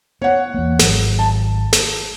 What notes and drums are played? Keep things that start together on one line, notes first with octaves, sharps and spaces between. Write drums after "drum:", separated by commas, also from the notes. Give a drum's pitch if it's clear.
B3 C#5 F#5
E2 A#3
G#1 F#3, drum: snare
A5
drum: snare